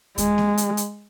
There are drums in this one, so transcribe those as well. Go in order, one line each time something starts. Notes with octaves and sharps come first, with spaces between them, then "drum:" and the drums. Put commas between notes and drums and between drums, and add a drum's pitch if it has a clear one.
G#3, drum: kick D2, hi-hat
drum: snare A#3
drum: hi-hat
drum: hi-hat